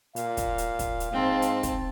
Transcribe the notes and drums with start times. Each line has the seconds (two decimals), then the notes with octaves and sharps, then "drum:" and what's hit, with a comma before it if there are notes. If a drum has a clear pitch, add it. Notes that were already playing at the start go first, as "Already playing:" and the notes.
0.16 A#2 F5, drum: hi-hat
0.37 drum: kick, hi-hat
0.58 drum: hi-hat
0.79 drum: kick, hi-hat
1.00 drum: hi-hat
1.13 G#2 C4 A5
1.42 drum: hi-hat
1.63 drum: kick, hi-hat